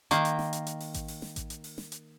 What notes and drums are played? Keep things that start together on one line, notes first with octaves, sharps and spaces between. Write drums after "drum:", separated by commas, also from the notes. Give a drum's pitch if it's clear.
D#3 A#3, drum: hi-hat
drum: hi-hat
drum: snare
drum: hi-hat
drum: hi-hat
drum: open hi-hat
drum: kick A1, hi-hat
drum: open hi-hat
drum: snare
drum: kick A1, hi-hat
drum: hi-hat
drum: open hi-hat
drum: snare
drum: hi-hat